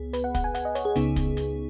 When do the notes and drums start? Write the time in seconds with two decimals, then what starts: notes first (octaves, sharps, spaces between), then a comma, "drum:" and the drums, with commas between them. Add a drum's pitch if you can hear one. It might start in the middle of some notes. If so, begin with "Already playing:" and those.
Already playing: C#2 B3 G#4
0.13 B4, drum: hi-hat
0.24 F#5
0.35 F#5, drum: kick, hi-hat
0.44 G#5
0.55 F#5, drum: hi-hat
0.65 D#5
0.75 C#5, drum: hi-hat
0.85 G#4
0.96 C#2 C#3 B3 D#4, drum: hi-hat
1.16 drum: kick, hi-hat
1.37 drum: hi-hat